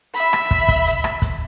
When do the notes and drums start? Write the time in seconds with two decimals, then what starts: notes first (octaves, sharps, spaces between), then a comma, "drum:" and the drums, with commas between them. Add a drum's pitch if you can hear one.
0.15 E5 B5, drum: hi-hat
0.33 drum: rim click
0.51 drum: kick
0.68 drum: kick
0.86 drum: hi-hat
1.04 drum: rim click
1.22 drum: kick, hi-hat